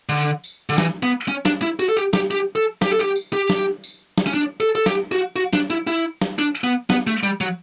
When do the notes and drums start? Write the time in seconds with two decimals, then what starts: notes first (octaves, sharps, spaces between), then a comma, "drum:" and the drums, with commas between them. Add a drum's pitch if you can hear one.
0.09 D3
0.44 drum: tambourine
0.70 D3
0.78 E3, drum: snare
1.03 B3
1.28 C#4
1.45 D4, drum: snare
1.62 E4
1.79 F#4, drum: tambourine
1.89 A4
1.97 G4
2.13 G4, drum: snare
2.31 G4
2.56 A4
2.82 G4, drum: snare
2.91 A4
2.99 G4
3.16 drum: tambourine
3.33 G4
3.50 drum: snare
3.84 drum: tambourine
4.18 drum: snare
4.27 C#4
4.34 D4
4.60 A4
4.75 A4
4.86 G4, drum: snare
5.12 F#4
5.36 F#4
5.53 D4, drum: snare
5.70 E4
5.87 E4, drum: tambourine
6.22 drum: snare
6.39 D4
6.64 B3
6.90 B3, drum: snare
7.07 A3
7.23 G3
7.41 F#3